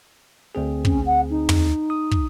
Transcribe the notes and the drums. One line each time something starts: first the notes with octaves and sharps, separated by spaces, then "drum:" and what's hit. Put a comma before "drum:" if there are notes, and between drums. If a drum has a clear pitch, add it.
D2 C4 G#4
C#4, drum: kick
F#5
D#4
drum: tom
D#6
drum: kick